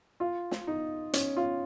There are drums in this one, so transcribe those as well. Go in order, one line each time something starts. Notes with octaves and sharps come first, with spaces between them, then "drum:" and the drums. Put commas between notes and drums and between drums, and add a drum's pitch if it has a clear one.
F4
drum: snare
D#4
C#4, drum: hi-hat
F4